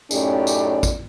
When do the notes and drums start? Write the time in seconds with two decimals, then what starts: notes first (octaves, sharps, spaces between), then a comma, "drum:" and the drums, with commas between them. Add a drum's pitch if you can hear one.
0.11 F#2 A2 C#4 D#4 G4 D5, drum: tambourine
0.47 drum: tambourine
0.83 drum: kick, tambourine